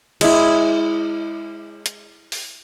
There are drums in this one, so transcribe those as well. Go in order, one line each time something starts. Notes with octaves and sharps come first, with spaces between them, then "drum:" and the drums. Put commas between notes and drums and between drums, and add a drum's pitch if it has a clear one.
G#3 E4, drum: cymbal
drum: hi-hat
drum: open hi-hat